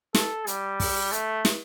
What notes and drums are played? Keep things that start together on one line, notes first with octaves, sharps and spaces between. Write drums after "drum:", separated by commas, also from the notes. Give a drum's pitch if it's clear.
A4, drum: snare
G3, drum: hi-hat
drum: kick, open hi-hat
A3, drum: hi-hat
drum: snare